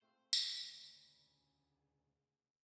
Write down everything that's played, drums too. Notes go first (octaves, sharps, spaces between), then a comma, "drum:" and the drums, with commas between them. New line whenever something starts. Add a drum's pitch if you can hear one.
A3 C4 F4 C5
D2 C#3, drum: tambourine